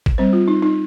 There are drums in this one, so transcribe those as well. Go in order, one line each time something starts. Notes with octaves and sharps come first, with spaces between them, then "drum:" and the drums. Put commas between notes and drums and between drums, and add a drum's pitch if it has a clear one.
drum: kick G#1
G3 C4 C5
F4
D#4
D#4